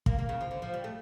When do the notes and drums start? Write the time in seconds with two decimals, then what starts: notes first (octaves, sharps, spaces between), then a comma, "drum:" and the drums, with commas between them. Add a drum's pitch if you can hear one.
0.06 A#3, drum: kick
0.18 A#3
0.29 C#3
0.41 F3
0.51 D3
0.62 F3
0.74 G3
0.84 A3